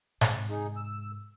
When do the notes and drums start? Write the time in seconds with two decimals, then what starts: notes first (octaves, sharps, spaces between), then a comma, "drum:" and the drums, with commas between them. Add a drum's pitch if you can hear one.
0.21 G#2 C3, drum: snare G#2
0.49 D#4 G#4
0.76 E6